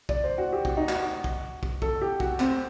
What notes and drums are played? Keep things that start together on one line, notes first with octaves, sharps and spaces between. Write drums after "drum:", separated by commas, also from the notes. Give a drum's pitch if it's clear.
D5, drum: kick
C5
F#4
G4
F#4, drum: kick
D#4
F#4, drum: clap
drum: kick
drum: kick
A4, drum: kick
G4
F#4, drum: kick
C4, drum: clap